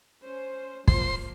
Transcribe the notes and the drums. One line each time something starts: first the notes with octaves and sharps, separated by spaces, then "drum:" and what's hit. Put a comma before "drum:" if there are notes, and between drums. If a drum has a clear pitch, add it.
C#4 C5
F3 A#3 C5 C6, drum: kick